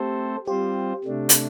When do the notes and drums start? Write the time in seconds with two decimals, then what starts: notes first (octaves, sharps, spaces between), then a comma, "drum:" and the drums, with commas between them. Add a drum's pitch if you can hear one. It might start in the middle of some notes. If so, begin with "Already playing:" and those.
Already playing: A3 C4 G4 A4 C5
0.47 G3 C4 F4 G4 C5
1.04 C3 A3 D4
1.29 drum: hi-hat